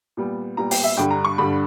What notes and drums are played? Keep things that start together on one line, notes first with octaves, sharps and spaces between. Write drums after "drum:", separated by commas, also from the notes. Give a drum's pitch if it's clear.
A#2 G3 B3
A#2 G3 B3 A#5
G5, drum: open hi-hat
E5
G2 D3 G3 G5
A#5
C#6
G2 D3 G3 B5